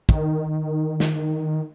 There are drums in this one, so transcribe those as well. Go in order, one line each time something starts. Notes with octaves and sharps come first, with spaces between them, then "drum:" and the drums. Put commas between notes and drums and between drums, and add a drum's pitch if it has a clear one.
D#3, drum: kick
drum: snare